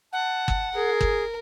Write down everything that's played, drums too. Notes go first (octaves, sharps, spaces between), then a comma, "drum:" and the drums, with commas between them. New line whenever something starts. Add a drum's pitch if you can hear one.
F#5 A5
drum: kick
G#4 A#4
drum: kick